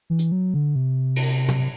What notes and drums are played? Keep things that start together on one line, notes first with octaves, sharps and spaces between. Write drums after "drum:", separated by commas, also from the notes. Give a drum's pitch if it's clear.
E3
drum: hi-hat
F#3
D3
C3
drum: cymbal
drum: tom